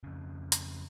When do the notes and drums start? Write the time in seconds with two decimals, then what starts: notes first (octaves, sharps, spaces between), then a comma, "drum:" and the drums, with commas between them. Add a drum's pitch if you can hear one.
0.03 F2 C#3
0.52 drum: hi-hat